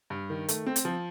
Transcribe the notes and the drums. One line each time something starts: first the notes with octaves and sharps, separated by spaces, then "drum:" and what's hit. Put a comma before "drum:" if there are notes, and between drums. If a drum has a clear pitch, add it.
G2
D#3
A3, drum: hi-hat
C4
drum: hi-hat
F3